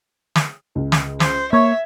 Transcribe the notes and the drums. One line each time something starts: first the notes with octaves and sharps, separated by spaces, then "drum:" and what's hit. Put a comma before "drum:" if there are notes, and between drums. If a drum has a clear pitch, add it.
drum: snare
C#2
drum: snare
C5, drum: snare
A#3 C#5 E5 G#6